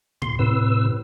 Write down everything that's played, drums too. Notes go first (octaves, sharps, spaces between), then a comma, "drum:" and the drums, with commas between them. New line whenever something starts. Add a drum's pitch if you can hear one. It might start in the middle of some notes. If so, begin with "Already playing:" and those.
C6, drum: tom A2
A2 C3 B4 E6